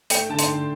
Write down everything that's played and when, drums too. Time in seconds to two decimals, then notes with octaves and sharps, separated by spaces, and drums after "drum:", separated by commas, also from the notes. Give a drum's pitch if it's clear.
0.10 A3 G5, drum: hi-hat
0.29 D3 A5
0.39 C6, drum: hi-hat
0.48 D3